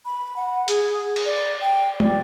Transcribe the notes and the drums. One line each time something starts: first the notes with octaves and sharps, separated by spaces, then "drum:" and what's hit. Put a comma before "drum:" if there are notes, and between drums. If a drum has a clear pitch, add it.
B5
F#5
G#4, drum: hi-hat
drum: cymbal
D5
G5
D5, drum: tom